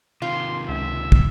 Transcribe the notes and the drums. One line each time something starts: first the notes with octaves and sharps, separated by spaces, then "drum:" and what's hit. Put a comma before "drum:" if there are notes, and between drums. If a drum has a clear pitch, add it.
C3 D#3 F4 C6
C#2 E5
drum: kick